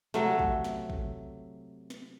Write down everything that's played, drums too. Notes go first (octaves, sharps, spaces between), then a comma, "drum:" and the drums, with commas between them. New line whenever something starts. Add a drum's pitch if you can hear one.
C3 F#3 A3, drum: snare
drum: kick
drum: snare
drum: kick
drum: snare